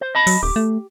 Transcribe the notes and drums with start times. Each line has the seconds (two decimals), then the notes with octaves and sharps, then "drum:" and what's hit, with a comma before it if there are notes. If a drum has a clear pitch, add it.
0.01 C5
0.15 D#5 A5 B5
0.27 F#3, drum: open hi-hat
0.43 D1 G4
0.56 A3